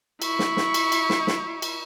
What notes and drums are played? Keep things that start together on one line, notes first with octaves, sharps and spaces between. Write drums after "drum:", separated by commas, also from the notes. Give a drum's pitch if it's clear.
E4 C#6, drum: cymbal
drum: snare
drum: snare
drum: cymbal
drum: cymbal
drum: snare
drum: snare
drum: cymbal